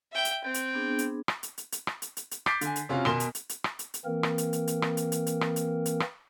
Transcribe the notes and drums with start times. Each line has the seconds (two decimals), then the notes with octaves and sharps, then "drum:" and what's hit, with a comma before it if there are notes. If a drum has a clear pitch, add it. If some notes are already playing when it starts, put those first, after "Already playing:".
0.13 E5 G5
0.25 drum: hi-hat
0.44 C4 G5
0.54 drum: hi-hat
0.74 B3 D4 G#4
0.99 drum: hi-hat
1.28 drum: rim click
1.43 drum: hi-hat
1.58 drum: hi-hat
1.72 drum: hi-hat
1.87 drum: rim click
2.02 drum: hi-hat
2.17 drum: hi-hat
2.31 drum: hi-hat
2.46 D6 G6 A6 B6 C7 D7, drum: rim click
2.61 D3 G#5, drum: hi-hat
2.76 drum: hi-hat
2.89 C3 C#4 F4 F#4
3.05 B2 A#4 G#5 C6 E7 G7, drum: rim click
3.20 drum: hi-hat
3.35 drum: hi-hat
3.49 drum: hi-hat
3.64 drum: rim click
3.79 drum: hi-hat
3.94 drum: hi-hat
4.05 E3 A#3 C4 A#4
4.23 drum: rim click
4.38 drum: hi-hat
4.53 drum: hi-hat
4.68 drum: hi-hat
4.82 drum: rim click
4.97 drum: hi-hat
5.12 drum: hi-hat
5.27 drum: hi-hat
5.41 drum: rim click
5.56 drum: hi-hat
5.86 drum: hi-hat
6.00 drum: rim click